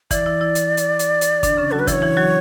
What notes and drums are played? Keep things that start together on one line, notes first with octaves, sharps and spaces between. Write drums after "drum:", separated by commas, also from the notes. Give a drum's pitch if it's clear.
E3 E4 D5, drum: kick, hi-hat
E3 E4
E3 E4
drum: hi-hat
drum: hi-hat
drum: hi-hat
drum: hi-hat
D3 D4, drum: kick, hi-hat
C#3 C#4
F#3 F#4 A4
B4
E3 E4 C#5 D5, drum: kick, hi-hat
E3 E4
F#3 F#4